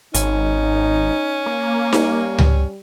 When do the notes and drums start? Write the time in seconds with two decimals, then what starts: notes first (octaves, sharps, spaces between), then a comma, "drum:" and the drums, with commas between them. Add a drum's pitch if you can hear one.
0.14 G#1 C#4 D#4, drum: hi-hat
1.46 A#3
1.93 G3, drum: snare D#4
2.38 drum: tom C#2